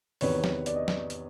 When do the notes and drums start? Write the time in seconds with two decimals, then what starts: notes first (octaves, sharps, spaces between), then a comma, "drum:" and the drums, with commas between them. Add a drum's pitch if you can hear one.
0.21 E2 C3 D#3 B4 C#5, drum: open hi-hat
0.44 drum: snare
0.66 D5, drum: hi-hat
0.76 D#5
0.88 drum: snare
1.10 drum: hi-hat